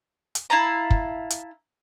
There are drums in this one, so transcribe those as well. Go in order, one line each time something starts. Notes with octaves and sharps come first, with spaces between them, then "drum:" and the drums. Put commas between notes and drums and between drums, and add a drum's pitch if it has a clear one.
drum: hi-hat
E4 F5 A5 A#5
drum: kick
drum: hi-hat